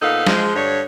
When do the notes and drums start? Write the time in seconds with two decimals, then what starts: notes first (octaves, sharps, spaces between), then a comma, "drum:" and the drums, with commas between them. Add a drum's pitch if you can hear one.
0.02 A#2 B3 D#4 A4 F5
0.27 F3 G#3, drum: snare
0.56 G2 D3 C#5